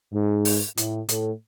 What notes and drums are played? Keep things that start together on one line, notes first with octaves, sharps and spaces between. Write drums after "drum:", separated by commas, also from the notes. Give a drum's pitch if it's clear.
G#2
drum: open hi-hat
A2, drum: hi-hat
A2, drum: hi-hat